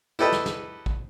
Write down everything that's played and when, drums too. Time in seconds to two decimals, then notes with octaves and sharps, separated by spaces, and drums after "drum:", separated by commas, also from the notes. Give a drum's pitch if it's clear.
0.19 E4 G4 A4 B4 D#5
0.32 drum: snare
0.46 drum: snare
0.86 drum: kick